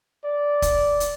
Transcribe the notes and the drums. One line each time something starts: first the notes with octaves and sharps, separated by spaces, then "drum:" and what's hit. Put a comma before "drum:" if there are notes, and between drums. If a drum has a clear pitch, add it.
D5
drum: kick, hi-hat
drum: hi-hat